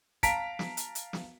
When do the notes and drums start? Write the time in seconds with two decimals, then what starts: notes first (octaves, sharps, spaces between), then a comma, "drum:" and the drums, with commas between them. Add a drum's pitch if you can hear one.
0.23 F5 A5 A#5 B6 D7, drum: kick, hi-hat
0.59 drum: snare
0.77 drum: hi-hat
0.95 drum: hi-hat
1.13 drum: snare